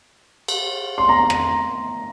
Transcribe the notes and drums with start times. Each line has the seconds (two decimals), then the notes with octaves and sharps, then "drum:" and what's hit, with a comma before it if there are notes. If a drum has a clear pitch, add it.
0.48 drum: cymbal
0.98 C6
1.09 A#5
1.30 drum: rim click